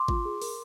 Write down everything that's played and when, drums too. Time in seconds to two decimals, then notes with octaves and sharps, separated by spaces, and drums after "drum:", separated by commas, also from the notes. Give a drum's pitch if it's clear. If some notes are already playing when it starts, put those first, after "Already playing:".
Already playing: C6 D6
0.08 F4, drum: kick G#1
0.25 G#4
0.42 A#4, drum: open hi-hat